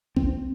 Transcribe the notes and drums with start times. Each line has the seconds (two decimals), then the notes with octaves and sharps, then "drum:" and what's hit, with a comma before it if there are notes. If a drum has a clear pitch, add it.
0.17 C4, drum: kick A#1